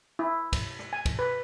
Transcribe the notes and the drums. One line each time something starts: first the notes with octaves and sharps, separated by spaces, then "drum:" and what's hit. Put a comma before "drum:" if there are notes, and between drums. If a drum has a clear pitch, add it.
E4
drum: kick, cymbal
drum: rim click
G#5
drum: kick, cymbal
B4